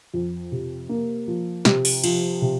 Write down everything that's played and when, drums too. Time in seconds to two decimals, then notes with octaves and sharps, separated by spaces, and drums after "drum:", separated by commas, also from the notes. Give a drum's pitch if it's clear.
0.14 F2
0.52 C3
0.89 A#3
1.28 F3
1.65 C3, drum: snare
1.85 drum: open hi-hat
2.04 F3, drum: cymbal
2.42 C3